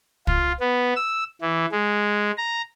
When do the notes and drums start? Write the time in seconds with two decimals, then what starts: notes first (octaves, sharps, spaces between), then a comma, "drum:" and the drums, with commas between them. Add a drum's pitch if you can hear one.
0.27 F4, drum: kick
0.61 B3
0.96 E6
1.41 E3
1.72 G#3
2.37 A#5